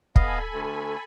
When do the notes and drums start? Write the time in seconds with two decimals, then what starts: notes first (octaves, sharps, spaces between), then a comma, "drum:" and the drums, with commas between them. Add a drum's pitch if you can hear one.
0.16 B3 A4 D#5 F5 G#5 B5, drum: kick
0.53 D2